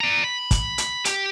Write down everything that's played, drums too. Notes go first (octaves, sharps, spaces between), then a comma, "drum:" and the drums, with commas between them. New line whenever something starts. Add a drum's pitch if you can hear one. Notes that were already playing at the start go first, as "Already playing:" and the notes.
D5 A#5
B5
drum: kick, hi-hat
drum: hi-hat
G4, drum: hi-hat